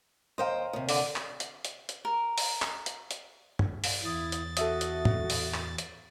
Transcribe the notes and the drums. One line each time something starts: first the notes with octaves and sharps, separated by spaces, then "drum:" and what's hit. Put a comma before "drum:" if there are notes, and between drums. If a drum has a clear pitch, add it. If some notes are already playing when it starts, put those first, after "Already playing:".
D#2 C5 D#5 F5 G5 A#5 C6
D#2 C3
D3 F#5 D6 D#7, drum: open hi-hat
drum: clap
drum: hi-hat
drum: hi-hat
drum: hi-hat
A#4
drum: open hi-hat
drum: clap
drum: hi-hat
drum: hi-hat
drum: tom
drum: open hi-hat
E2 E4 D#6 A6
drum: hi-hat
F#4 A4 E5 D#6, drum: hi-hat
drum: hi-hat
drum: tom A2
drum: open hi-hat
drum: clap
drum: hi-hat